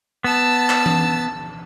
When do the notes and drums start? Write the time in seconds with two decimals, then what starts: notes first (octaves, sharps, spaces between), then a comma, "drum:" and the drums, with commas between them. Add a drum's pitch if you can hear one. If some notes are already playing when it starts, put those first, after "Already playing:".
0.24 B3 A5 E6
0.70 drum: clap
0.86 drum: tom E3